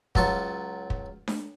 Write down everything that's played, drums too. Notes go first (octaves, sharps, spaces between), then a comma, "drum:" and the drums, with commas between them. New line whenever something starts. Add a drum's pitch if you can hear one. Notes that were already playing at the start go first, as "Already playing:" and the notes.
C#2 F#3 F4 E5 A5 C#6, drum: kick
drum: kick
drum: snare D4